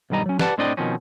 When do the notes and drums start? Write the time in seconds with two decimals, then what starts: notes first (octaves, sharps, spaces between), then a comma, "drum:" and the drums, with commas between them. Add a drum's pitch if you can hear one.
0.10 B1 G2 D#3 G3 D#5 A#5
0.26 F#3 C#4
0.39 G4 B4 D5 F#5 A5, drum: snare
0.58 A2 C4 D4 D5 D#5 G5
0.77 B2 D#3 F3 C4 C#4